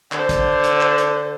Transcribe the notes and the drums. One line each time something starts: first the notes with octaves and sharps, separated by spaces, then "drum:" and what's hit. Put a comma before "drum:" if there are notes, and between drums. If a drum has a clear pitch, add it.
D3 A4 C5, drum: clap
drum: kick, hi-hat
drum: hi-hat
drum: clap
drum: hi-hat